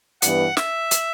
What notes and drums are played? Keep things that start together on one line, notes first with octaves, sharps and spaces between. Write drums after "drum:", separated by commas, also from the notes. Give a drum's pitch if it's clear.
G2 E3 B3 F#5, drum: hi-hat
E5, drum: snare
drum: hi-hat